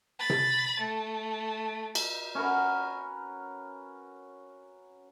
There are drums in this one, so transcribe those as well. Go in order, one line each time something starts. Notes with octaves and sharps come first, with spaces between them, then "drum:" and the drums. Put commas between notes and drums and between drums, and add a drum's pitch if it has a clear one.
B5 A6
drum: tom C3
A3
drum: cymbal
C#4 F#4 A#4 B4